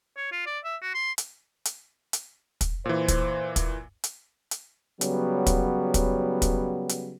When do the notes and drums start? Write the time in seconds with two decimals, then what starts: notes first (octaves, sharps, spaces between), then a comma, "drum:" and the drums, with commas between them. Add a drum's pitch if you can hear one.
0.17 C#5
0.32 F4
0.46 D5
0.64 E5
0.82 F#4
0.94 C6
1.18 drum: hi-hat
1.65 drum: hi-hat
2.13 drum: hi-hat
2.61 drum: kick, hi-hat
2.85 A#2 E3 C5
3.08 drum: kick, hi-hat
3.56 drum: kick, hi-hat
4.04 drum: hi-hat
4.51 drum: hi-hat
5.01 C#3 F#3 G3 B3, drum: hi-hat
5.46 drum: kick, hi-hat
5.94 drum: kick, hi-hat
6.42 drum: kick, hi-hat
6.89 drum: hi-hat